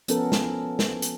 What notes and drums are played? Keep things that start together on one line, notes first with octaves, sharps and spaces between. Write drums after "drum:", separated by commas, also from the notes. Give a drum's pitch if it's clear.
F3 B3 C#4 A4 A#4, drum: hi-hat
drum: snare
drum: snare
drum: hi-hat